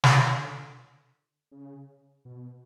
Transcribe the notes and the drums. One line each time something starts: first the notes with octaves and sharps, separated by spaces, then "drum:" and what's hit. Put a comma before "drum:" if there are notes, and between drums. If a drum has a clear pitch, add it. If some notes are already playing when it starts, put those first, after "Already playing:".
D3, drum: snare
C#3
B2